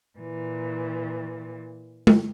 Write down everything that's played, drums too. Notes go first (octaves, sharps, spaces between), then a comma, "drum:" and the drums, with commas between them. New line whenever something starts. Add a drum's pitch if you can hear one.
A#2 E3
drum: tom G#3